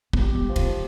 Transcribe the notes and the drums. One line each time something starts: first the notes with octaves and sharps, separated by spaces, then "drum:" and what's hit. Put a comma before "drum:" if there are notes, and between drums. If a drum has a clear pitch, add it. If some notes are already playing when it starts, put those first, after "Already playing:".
B3, drum: kick A1
G4
G3
F3
D#3, drum: cymbal